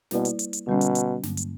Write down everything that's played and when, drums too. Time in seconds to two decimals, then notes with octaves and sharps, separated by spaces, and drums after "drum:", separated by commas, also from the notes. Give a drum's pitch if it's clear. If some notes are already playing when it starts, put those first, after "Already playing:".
0.11 B2 G3 A#3 E4 B4 D5, drum: snare
0.25 drum: hi-hat
0.39 drum: hi-hat
0.53 drum: hi-hat
0.66 B2 D3 G3 C#4
0.81 drum: hi-hat
0.95 drum: hi-hat
1.23 G2 D3 F#3 A#3, drum: snare
1.37 drum: hi-hat